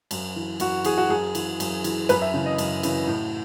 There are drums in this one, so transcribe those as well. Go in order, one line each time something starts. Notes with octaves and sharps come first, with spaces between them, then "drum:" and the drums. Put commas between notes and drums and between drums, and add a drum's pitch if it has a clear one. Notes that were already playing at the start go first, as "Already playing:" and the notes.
F#2, drum: cymbal
E3
F#2 F#4, drum: cymbal
E3 G#4, drum: cymbal
F#4
F#2 G#4
E3, drum: cymbal
F#2, drum: cymbal
E3, drum: cymbal
F#2 B4, drum: cymbal
E5
C#3 E3
D#5
F#2, drum: cymbal
C#3 E3, drum: cymbal
A2